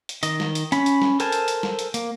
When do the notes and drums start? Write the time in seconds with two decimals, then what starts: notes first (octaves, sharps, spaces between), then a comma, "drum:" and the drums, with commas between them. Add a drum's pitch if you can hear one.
0.09 drum: hi-hat
0.23 D#3 D#5, drum: hi-hat
0.40 drum: snare
0.55 drum: hi-hat
0.72 C#4 B5, drum: hi-hat
0.86 drum: hi-hat
1.02 drum: snare
1.20 A4 A#4 C5 G#5 A5, drum: hi-hat
1.32 drum: hi-hat
1.48 drum: hi-hat
1.63 drum: snare
1.79 drum: hi-hat
1.94 A#3, drum: hi-hat